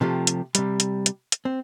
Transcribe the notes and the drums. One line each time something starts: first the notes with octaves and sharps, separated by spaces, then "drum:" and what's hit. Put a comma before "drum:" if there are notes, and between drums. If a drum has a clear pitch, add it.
C3 F3 A3 G4
drum: hi-hat
C3 G3, drum: hi-hat
drum: hi-hat
drum: hi-hat
drum: hi-hat
C4